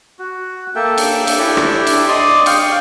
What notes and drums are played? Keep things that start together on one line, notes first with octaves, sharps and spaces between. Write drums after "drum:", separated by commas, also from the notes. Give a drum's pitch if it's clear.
F#4
A#3 A4 E5 G5
drum: cymbal
drum: cymbal
D4 E4 G4 A4
drum: rim click
drum: cymbal
D5 D#5 C6 D#6
F5 G5 C#6, drum: cymbal